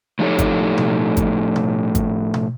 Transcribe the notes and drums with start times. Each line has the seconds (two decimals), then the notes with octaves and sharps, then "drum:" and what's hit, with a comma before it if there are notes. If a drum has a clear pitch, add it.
0.19 A2 F3 D#4 G4 A4 C#5
0.39 drum: kick, hi-hat
0.78 drum: tom B2
1.17 drum: kick, hi-hat
1.56 drum: tom B2
1.95 drum: kick, hi-hat
2.34 drum: tom B2